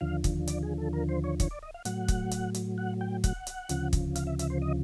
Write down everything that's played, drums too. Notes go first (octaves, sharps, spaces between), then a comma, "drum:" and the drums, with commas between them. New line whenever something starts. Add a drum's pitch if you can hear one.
D#2 D3 F3 F5
drum: kick, hi-hat
D5, drum: hi-hat
G#4
A4
A#4
C5
C#5
C#5, drum: kick, hi-hat
D5
D#5
F5
A2 F#3 F#5, drum: hi-hat
drum: kick, hi-hat
drum: hi-hat
drum: hi-hat
F#5
G5
F#5, drum: kick, hi-hat
drum: hi-hat
D2 C#3 F3, drum: hi-hat
drum: kick, hi-hat
F5, drum: hi-hat
E5
E5, drum: hi-hat
C5
D#5